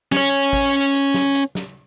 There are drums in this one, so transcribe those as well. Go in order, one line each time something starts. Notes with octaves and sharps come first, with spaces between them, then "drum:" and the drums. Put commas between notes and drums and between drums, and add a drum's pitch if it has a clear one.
C#4 C#5, drum: snare
drum: kick, open hi-hat
drum: hi-hat
drum: snare
drum: hi-hat
drum: snare